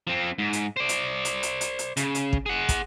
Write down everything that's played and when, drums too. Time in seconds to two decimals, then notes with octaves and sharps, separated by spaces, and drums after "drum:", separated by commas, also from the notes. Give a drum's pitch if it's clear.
0.07 F3 C4
0.39 G#2
0.53 drum: hi-hat
0.77 C5 D5
0.89 drum: hi-hat
1.25 drum: hi-hat
1.43 drum: hi-hat
1.61 drum: hi-hat
1.79 drum: hi-hat
1.97 C#3, drum: hi-hat
2.15 drum: hi-hat
2.33 drum: kick
2.46 G#4 F#5
2.69 drum: kick, hi-hat